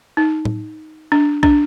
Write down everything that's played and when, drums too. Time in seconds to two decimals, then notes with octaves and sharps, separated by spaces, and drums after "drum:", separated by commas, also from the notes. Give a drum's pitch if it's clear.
0.17 D#4
0.45 drum: tom A2
1.12 D4
1.43 D4, drum: kick B1